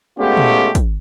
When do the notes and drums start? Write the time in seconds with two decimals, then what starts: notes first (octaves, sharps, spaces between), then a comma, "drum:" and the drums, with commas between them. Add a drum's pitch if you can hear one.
0.18 G#3 A3 B3 C#4 F4 G4
0.37 drum: tom A#2
0.75 drum: kick, hi-hat